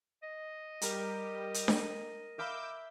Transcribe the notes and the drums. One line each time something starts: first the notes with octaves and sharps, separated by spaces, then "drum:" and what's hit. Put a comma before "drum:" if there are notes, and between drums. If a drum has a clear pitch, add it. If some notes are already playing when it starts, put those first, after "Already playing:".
D#5
G3 G4 A#4 A#5, drum: hi-hat
drum: hi-hat
drum: snare D4
E5 F5 B5 D6 E6 G6